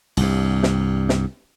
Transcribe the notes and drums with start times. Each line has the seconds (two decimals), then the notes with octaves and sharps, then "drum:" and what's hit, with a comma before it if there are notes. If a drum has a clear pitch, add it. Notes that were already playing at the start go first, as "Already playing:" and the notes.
0.17 C2 G2, drum: cymbal
0.63 drum: snare
1.09 drum: snare